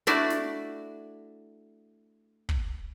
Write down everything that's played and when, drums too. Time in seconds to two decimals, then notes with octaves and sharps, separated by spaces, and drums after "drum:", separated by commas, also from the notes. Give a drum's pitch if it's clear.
0.07 A3 D4 E4 F#4 D5, drum: snare
0.30 drum: snare
2.49 drum: kick